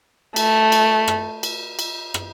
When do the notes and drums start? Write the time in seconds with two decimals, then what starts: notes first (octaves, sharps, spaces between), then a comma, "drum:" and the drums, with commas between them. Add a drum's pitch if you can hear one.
0.36 A3, drum: cymbal
0.72 drum: cymbal
1.08 drum: rim click
1.43 drum: cymbal
1.79 drum: cymbal
2.14 drum: rim click